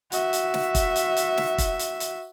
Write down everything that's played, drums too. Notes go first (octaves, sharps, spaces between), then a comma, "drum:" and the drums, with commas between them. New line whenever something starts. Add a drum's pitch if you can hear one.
F#4 E5, drum: hi-hat
drum: hi-hat
drum: snare
drum: kick, hi-hat
drum: hi-hat
drum: hi-hat
drum: snare
drum: kick, hi-hat
drum: hi-hat
drum: hi-hat